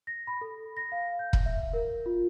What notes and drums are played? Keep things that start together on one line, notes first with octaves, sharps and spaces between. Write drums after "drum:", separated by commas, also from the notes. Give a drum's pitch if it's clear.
A#6
B5
A4
A#6
F5
G6
drum: kick
E5
A#4
F4